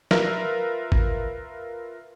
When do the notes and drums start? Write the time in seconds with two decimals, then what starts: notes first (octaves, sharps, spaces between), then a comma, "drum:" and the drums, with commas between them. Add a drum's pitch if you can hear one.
0.11 F4 A#4 B4 E5, drum: snare
0.92 drum: kick G#1